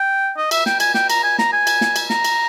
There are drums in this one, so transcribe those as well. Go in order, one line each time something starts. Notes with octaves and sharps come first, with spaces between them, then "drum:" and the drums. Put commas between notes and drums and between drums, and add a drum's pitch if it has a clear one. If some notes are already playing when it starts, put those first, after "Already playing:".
Already playing: G5
D#5
E5, drum: cymbal
G5, drum: snare
G#5, drum: cymbal
G5, drum: snare
A#5, drum: cymbal
G#5
A#5, drum: snare
G#5
drum: cymbal
drum: snare
drum: cymbal
A#5, drum: snare
drum: cymbal